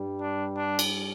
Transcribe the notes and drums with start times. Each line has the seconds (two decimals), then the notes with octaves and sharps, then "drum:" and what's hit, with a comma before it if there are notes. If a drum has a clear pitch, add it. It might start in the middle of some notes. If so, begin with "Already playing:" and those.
Already playing: G2 G3
0.22 D4
0.56 D4
0.79 drum: cymbal